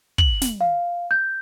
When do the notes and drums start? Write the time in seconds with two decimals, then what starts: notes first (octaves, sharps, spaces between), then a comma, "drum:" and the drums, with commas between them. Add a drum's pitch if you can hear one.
0.18 F#7, drum: kick
0.42 drum: snare
0.61 F5
1.11 G6